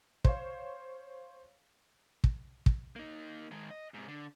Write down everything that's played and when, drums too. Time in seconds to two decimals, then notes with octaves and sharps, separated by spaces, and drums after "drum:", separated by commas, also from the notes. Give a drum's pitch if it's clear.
0.24 C5 C#5 F5, drum: kick
2.24 drum: kick
2.66 drum: kick
2.96 A#3 D#4
3.51 D#3 G#3
3.71 D#5
3.94 G#2 C3
4.08 D3